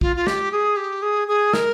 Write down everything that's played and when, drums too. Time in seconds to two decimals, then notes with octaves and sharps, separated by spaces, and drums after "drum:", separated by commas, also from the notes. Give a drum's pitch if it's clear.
0.01 F4, drum: kick
0.16 F4
0.27 G4, drum: snare
0.52 G#4
0.77 G4
1.02 G#4
1.28 G#4
1.53 A#4, drum: snare